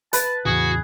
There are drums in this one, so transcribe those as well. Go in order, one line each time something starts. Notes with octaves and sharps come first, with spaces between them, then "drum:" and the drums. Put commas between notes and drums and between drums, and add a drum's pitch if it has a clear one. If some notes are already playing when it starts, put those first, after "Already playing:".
B4 A5, drum: hi-hat
E2 A2 C#3 F#4 G#4